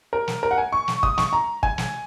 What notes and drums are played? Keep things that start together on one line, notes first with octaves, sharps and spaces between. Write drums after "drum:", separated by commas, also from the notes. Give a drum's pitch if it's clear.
A#4
drum: snare
A#4
F#5
G#5
C#6
drum: snare
D#6, drum: kick
C#6, drum: snare
A#5
G#5, drum: kick
drum: snare